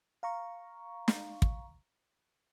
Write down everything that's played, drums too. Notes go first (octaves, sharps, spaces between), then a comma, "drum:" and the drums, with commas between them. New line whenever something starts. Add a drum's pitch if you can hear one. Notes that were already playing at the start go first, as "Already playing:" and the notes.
F5 A#5 C#6
drum: snare
drum: kick